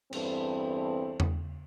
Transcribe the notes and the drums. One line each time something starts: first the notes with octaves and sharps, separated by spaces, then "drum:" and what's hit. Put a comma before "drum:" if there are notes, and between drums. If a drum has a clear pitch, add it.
E2 G2 C4 A4, drum: cymbal
drum: tom E2